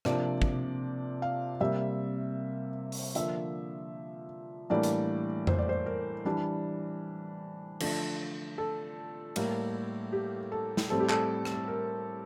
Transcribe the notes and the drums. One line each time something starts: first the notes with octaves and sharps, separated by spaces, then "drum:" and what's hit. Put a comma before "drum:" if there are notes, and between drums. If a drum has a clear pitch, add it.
C3 F3 A#3 D4 D5, drum: rim click
drum: kick
F5
C3 G3 A#3 E5
drum: open hi-hat
D3 F3 A#3 E5, drum: hi-hat
A2 E3 G3 A#3 D4 D5
drum: hi-hat
C5, drum: tom F2
D5
C5
A#4
E3 G3 D4
D3 F3 A3 D4, drum: cymbal
A4
A2 G3 A#3, drum: cymbal
G4
A4
drum: snare
A2 G3 C4 A4
G4
A4, drum: clap
drum: rim click
A#4